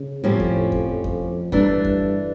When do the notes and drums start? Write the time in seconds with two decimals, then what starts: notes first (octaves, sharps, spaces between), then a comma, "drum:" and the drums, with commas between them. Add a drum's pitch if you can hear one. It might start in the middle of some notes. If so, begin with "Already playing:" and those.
Already playing: C#3
0.23 F2 A2 F3 C#4 G4
0.40 drum: kick E2
0.72 drum: kick E2
1.04 drum: kick E2
1.52 G2 E3 A3 D4, drum: kick E2
1.85 drum: kick E2